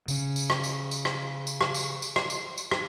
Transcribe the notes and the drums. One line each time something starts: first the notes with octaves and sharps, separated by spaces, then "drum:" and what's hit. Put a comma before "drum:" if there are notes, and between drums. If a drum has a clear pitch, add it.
C#3 C#4, drum: tambourine
drum: tambourine
drum: rim click
drum: tambourine
drum: tambourine
drum: rim click
drum: tambourine
drum: rim click
drum: tambourine
drum: tambourine
drum: rim click
drum: tambourine
drum: tambourine
drum: rim click